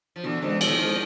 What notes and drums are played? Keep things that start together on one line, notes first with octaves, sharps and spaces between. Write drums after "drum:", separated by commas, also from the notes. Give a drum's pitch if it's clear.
F3
B2 D3 E3
D3 E3 G#3 C4
B2 D#3 F3, drum: cymbal
G#3 C4